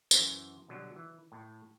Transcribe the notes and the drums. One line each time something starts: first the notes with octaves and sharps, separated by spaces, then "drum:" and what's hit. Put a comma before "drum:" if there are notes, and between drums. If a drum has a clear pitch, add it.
F#2 E3 C5, drum: tambourine
B2 D3 F#3 G3
E3
A2